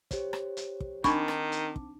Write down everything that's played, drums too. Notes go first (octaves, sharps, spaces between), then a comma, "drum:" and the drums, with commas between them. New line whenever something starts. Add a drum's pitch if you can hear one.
G4 C5 C#5, drum: kick, hi-hat
drum: rim click
drum: hi-hat
drum: kick
D#3 C4 D4 D#4 A5 B5 C#6 D6, drum: kick, hi-hat
drum: rim click
drum: hi-hat
drum: kick